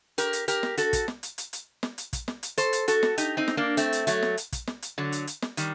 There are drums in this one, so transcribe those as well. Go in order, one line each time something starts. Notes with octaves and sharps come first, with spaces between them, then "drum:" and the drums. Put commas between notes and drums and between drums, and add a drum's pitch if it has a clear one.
G4 A#4, drum: hi-hat
drum: hi-hat
G4 A#4, drum: hi-hat
drum: snare
F#4 A4, drum: hi-hat
drum: kick, hi-hat
drum: snare
drum: hi-hat
drum: hi-hat
drum: hi-hat
drum: snare
drum: hi-hat
drum: kick, hi-hat
drum: snare
drum: hi-hat
A4 C5, drum: hi-hat
drum: hi-hat
F#4 A4, drum: hi-hat
drum: snare
D#4 G4, drum: hi-hat
C4 D#4
drum: snare
A#3 D4
A3 C4, drum: hi-hat
drum: hi-hat
F#3 A3, drum: hi-hat
drum: snare
drum: hi-hat
drum: kick, hi-hat
drum: snare
drum: hi-hat
D3 F#3
drum: hi-hat
drum: hi-hat
drum: snare
D#3 G3, drum: hi-hat